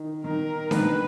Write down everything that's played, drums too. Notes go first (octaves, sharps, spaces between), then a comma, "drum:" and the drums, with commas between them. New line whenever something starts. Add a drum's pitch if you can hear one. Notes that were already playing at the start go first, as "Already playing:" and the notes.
Already playing: D#3
D#3 A#4
D#3 B4, drum: snare D4